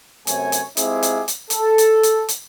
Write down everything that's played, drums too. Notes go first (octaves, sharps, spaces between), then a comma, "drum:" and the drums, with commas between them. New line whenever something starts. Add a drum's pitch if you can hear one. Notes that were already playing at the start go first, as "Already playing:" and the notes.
F#2 C3 A3 C#5 G#5, drum: hi-hat
drum: hi-hat
G#3 C4 E4 F4 G4 G#4, drum: hi-hat
drum: hi-hat
drum: hi-hat
A4, drum: hi-hat
drum: hi-hat
drum: hi-hat
drum: hi-hat